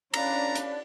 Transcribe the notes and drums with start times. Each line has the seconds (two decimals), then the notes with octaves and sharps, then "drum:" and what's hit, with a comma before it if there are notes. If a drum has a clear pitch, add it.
0.14 C#4 D4 B4 D5 F5 A#5, drum: cymbal
0.55 drum: hi-hat